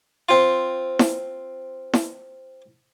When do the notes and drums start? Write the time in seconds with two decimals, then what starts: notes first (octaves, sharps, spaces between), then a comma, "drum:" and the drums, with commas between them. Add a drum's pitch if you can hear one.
0.29 C4 F4
0.99 drum: snare E4
1.93 drum: snare E4